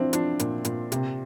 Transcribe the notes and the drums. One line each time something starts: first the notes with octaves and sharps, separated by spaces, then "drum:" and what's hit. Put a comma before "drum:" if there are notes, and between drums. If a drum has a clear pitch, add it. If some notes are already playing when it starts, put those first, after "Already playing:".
Already playing: F3 C4 D4 E4
F3 D4, drum: hi-hat
A#2, drum: hi-hat
A#2, drum: hi-hat
C3, drum: hi-hat